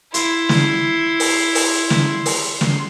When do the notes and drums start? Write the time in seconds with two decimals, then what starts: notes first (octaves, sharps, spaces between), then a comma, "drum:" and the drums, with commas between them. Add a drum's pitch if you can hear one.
0.14 E4 C6, drum: hi-hat
0.49 drum: snare
1.20 drum: open hi-hat
1.55 drum: open hi-hat
1.90 drum: snare
2.26 drum: open hi-hat
2.61 drum: snare